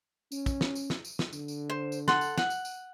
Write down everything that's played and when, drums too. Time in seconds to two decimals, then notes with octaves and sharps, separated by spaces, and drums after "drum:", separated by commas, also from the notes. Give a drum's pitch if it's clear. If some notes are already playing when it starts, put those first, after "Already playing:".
0.32 C#4, drum: tambourine
0.46 drum: kick, tambourine
0.61 drum: snare
0.75 drum: tambourine
0.90 drum: snare
1.05 drum: tambourine
1.19 drum: snare
1.33 D3, drum: tambourine
1.48 drum: tambourine
1.70 C5
1.92 drum: tambourine
2.08 A4 F#5 C6, drum: snare
2.21 drum: tambourine
2.38 F#5, drum: snare
2.50 drum: tambourine
2.65 drum: tambourine